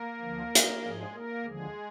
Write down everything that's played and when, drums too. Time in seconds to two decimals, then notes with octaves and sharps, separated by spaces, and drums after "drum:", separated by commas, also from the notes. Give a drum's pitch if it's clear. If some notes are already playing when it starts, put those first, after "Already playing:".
Already playing: A#3 A#4
0.20 D2 D3 F3
0.55 drum: hi-hat
0.82 G#2 F3 G#3 G#4
1.13 A#3 A#4
1.44 D#2 D3 F3 G#3 G#4